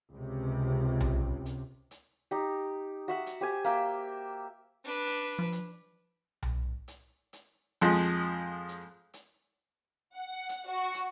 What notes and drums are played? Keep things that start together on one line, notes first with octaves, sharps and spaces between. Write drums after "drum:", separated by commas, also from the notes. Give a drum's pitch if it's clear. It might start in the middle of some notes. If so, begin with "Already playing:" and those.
C#2 C3
drum: tom B1
drum: hi-hat
drum: hi-hat
D#4 G4
F#4 E5 F#5
drum: hi-hat
G4 C5 G#5
A#3 E5 G5
D4 B4
drum: hi-hat
F3
drum: hi-hat
drum: tom B1
drum: hi-hat
drum: hi-hat
F2 F3 G#3
drum: hi-hat
drum: hi-hat
F#5
drum: hi-hat
F#4
drum: hi-hat